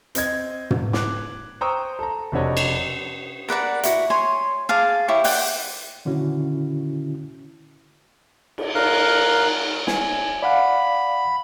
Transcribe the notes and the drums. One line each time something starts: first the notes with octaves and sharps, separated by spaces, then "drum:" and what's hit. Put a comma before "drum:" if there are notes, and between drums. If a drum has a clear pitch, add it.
C4 D#5 G#6, drum: hi-hat
drum: tom
D6 F#6, drum: snare
C5 G5 A#5 C#6 D#6 E6
A4 A#5
F1 C3 D4 F#4 C#5 D#5
drum: cymbal
A#4 B4 D5 F#5
E4 F#4, drum: hi-hat
C#5 G#5 C6
G#4 F5 A5 D6
E4 G4 C#5 C#6
D5 F#5 G5 D6, drum: open hi-hat
A#2 D3 D#3 C#4 E4 F#4
drum: cymbal
A#4 F5 F#6, drum: cymbal
G#5, drum: snare
D5 F5 F#5 B5